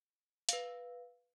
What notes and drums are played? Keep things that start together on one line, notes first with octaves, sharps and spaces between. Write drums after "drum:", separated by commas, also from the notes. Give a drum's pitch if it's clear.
B4 F5, drum: hi-hat